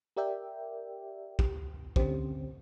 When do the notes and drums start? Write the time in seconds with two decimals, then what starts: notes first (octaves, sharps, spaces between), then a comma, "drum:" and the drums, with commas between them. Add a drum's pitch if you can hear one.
0.17 G4 A#4 D5 E5 G5
1.39 G4, drum: kick
1.96 D3 C4 C#4 G4 C5, drum: kick